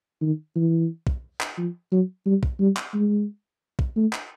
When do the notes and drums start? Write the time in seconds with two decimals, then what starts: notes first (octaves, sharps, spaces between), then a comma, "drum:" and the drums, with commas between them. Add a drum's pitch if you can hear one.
0.21 D#3
0.56 E3
1.07 drum: kick
1.41 drum: clap
1.58 F3
1.92 F#3
2.26 G3
2.43 drum: kick
2.60 G3
2.77 drum: clap
2.94 G#3
3.79 drum: kick
3.96 A3
4.13 drum: clap